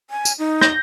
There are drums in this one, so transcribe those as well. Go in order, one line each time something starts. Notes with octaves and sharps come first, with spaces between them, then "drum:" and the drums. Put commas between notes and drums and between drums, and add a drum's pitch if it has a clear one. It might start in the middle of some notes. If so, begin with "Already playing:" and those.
G#5
drum: tambourine
D#4
G6 A#6, drum: rim click